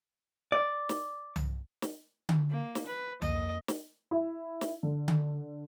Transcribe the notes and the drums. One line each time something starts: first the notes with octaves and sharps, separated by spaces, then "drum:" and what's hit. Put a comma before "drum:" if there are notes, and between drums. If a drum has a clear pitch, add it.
D5
drum: snare
drum: tom C2
drum: snare
drum: tom D3
A#3
drum: snare
B4
F2 A#3 D#5, drum: tom C2
drum: snare
E4
drum: snare
D3
drum: tom D3